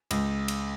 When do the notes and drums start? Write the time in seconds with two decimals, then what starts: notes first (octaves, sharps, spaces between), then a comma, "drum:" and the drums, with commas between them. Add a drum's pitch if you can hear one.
0.11 C#2, drum: cymbal
0.48 drum: cymbal